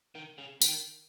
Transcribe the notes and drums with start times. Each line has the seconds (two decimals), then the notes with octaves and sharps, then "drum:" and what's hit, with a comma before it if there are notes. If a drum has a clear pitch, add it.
0.15 D#3
0.38 C#3
0.61 D#3, drum: tambourine